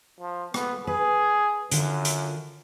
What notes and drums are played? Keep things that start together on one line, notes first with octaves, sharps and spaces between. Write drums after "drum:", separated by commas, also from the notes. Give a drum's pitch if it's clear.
F3
B3, drum: rim click
G#4 B4
F#2 D3 F4, drum: hi-hat
drum: hi-hat